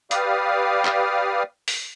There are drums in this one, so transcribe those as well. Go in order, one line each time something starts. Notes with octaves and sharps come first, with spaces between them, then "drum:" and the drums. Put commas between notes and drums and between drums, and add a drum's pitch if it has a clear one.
G4 B4 D5 F5 D#6 F6, drum: hi-hat
drum: clap
drum: open hi-hat